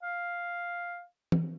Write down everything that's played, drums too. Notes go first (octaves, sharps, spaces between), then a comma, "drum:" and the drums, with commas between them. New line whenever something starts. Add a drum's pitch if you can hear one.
F5
drum: tom E3